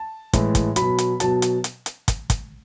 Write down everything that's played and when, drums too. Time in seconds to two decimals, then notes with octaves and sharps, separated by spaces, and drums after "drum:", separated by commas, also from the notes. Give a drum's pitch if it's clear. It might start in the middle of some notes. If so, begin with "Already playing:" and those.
Already playing: A5
0.33 A2 E3 G#3, drum: kick, hi-hat
0.55 drum: kick, hi-hat
0.76 F#3 B5, drum: hi-hat
0.82 B2
0.98 drum: hi-hat
1.20 B2 F#3 A5, drum: hi-hat
1.42 drum: hi-hat
1.64 drum: hi-hat
1.86 drum: hi-hat
2.08 drum: kick, hi-hat
2.30 drum: kick, hi-hat